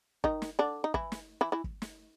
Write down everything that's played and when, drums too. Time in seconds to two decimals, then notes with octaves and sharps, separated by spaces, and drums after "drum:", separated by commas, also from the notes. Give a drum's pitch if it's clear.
0.24 D#3 D#4, drum: kick
0.42 drum: snare
0.59 D3 D4
0.84 D#4
0.94 E3 E4, drum: kick
1.12 drum: snare
1.41 E3 E4
1.52 E3 E4
1.64 drum: kick
1.82 drum: snare